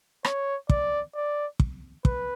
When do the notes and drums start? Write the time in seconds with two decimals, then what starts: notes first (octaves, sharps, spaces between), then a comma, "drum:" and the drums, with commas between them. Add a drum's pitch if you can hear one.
0.25 C#5, drum: rim click
0.69 D5, drum: kick
1.15 D5
1.60 drum: kick
2.05 B4, drum: kick